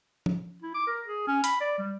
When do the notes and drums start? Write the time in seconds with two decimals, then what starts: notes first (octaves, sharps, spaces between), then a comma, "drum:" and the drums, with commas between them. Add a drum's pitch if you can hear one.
0.26 drum: tom F3
0.62 E4
0.75 D6
0.87 A#4
1.06 G#4
1.28 C#4
1.44 B5, drum: hi-hat
1.61 D5
1.78 G3